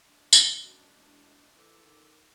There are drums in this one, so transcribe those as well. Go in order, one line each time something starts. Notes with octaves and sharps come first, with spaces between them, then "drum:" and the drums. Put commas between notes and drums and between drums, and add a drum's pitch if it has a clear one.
G#3 A3 D4
drum: tambourine
F#2
E1
E3 F4 A4 D6
D#3